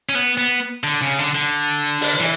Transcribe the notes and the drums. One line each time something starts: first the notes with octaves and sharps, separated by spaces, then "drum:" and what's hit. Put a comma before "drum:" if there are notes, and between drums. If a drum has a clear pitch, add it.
C#4
B3
B3
D3
C#3
D3
D3
drum: open hi-hat
E3